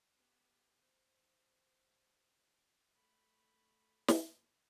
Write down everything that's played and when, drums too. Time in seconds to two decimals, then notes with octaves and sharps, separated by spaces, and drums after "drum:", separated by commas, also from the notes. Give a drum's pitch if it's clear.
0.15 B3 G4
0.80 C5
2.94 A3 B5
4.08 drum: snare